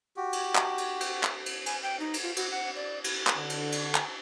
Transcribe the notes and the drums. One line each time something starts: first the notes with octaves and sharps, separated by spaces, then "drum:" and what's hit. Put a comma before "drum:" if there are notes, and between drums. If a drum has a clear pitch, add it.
F#4 G4
drum: cymbal
drum: clap
drum: cymbal
drum: cymbal
drum: clap
drum: cymbal
G#5, drum: cymbal
G5
D#4
drum: cymbal
F4
F#4, drum: cymbal
F#5
D5
drum: cymbal
drum: clap
D3
drum: cymbal
drum: cymbal
drum: clap